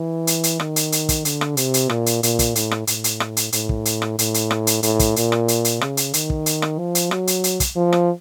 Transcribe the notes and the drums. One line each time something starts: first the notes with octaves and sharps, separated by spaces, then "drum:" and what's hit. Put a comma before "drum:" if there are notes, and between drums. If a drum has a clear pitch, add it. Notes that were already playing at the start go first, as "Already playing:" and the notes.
Already playing: E3
drum: hi-hat
drum: hi-hat
D#3, drum: rim click
drum: hi-hat
drum: hi-hat
drum: kick, hi-hat
D3, drum: hi-hat
drum: rim click
C3, drum: hi-hat
drum: hi-hat
A#2, drum: rim click
drum: hi-hat
A#2, drum: hi-hat
drum: kick, hi-hat
A2, drum: hi-hat
drum: rim click
A2, drum: hi-hat
drum: hi-hat
drum: rim click
drum: hi-hat
A2, drum: hi-hat
drum: kick
drum: hi-hat
drum: rim click
A2, drum: hi-hat
drum: hi-hat
drum: rim click
drum: hi-hat
A2, drum: hi-hat
drum: kick, hi-hat
A#2, drum: hi-hat
drum: rim click
drum: hi-hat
drum: hi-hat
C#3, drum: rim click
drum: hi-hat
D#3, drum: hi-hat
drum: kick
drum: hi-hat
drum: rim click
F3
drum: hi-hat
F#3, drum: rim click
drum: hi-hat
drum: hi-hat
drum: kick, hi-hat
F3
drum: rim click